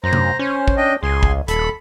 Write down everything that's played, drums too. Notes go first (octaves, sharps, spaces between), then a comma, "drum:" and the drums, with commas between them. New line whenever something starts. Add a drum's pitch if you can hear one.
F#2 C5 A#5
drum: tom C3
C#4 C5
drum: kick
D4 D#5 G5
C#2 G#4 C6
drum: kick
D#1 A4 B5, drum: hi-hat